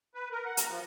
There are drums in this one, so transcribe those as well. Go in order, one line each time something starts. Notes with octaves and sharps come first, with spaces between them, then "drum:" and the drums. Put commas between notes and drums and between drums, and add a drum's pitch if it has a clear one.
B4
A#4
F#5
A#5, drum: hi-hat
F3